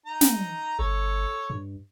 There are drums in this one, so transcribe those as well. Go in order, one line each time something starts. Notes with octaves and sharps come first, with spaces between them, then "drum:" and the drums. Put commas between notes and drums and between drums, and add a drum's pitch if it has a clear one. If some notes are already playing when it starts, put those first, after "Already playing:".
D#4 A#5
drum: snare
G1 A4 C#5
G2